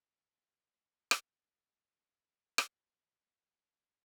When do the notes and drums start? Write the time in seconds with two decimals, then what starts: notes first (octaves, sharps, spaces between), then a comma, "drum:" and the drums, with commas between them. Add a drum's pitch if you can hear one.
0.06 D5 F5 A#5 D#6
0.24 F4 B5 C6
0.46 A#2 A#3
0.93 A#3 C#5 F5
1.11 drum: rim click
1.40 A4 D#5
2.26 F#3
2.58 drum: rim click
3.39 D2 A3 F4 G5